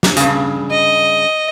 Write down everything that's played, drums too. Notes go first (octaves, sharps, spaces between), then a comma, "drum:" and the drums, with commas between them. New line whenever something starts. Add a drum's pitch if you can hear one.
drum: snare
G2 C#3, drum: hi-hat
D#5